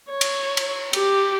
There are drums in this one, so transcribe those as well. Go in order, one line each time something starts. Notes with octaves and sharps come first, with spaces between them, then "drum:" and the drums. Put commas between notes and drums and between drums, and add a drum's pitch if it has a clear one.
C#5
drum: cymbal
drum: cymbal
G4, drum: cymbal